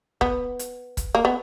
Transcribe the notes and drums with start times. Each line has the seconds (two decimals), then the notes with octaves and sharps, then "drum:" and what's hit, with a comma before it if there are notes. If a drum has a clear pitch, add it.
0.21 B3, drum: kick
0.59 drum: hi-hat
0.97 drum: kick, hi-hat
1.15 A#3
1.25 B3